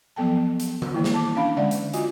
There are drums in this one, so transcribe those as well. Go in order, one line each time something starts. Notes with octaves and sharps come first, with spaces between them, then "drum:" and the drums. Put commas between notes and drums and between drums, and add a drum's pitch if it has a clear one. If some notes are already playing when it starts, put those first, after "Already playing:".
F3 F#3 B3 A4 G5 A5
drum: hi-hat
drum: tom D#3
D#3 E3 A#3 E4
drum: snare
A5 D6
C#4 D4 F5 B5
D3 G#3 D5 E5 F#5
drum: hi-hat
F4 F#4 D#5 G#5, drum: hi-hat